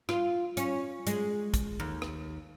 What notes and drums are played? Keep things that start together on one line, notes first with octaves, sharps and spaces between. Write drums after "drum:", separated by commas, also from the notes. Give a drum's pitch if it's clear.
F4, drum: rim click
C#4, drum: hi-hat
G#3, drum: hi-hat
drum: kick, hi-hat
D#2
drum: rim click